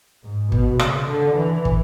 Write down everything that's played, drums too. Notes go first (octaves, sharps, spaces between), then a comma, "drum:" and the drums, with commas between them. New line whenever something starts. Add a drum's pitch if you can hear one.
G#2
B2, drum: kick
C#3, drum: rim click
D3
E3
drum: kick